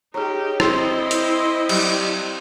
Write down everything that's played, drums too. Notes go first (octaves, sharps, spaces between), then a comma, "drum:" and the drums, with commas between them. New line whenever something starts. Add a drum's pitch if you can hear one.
D#4 G4 G#4 C#5 A#5
C4 E4 C5 D#5, drum: rim click
drum: hi-hat
F#3 G3, drum: cymbal